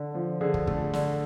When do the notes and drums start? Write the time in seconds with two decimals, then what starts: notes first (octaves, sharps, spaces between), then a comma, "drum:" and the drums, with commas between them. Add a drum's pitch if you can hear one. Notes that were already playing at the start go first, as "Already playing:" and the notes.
Already playing: D3
0.14 F3
0.41 D3 G#4
0.54 drum: kick
0.67 A3, drum: kick
0.93 D3, drum: snare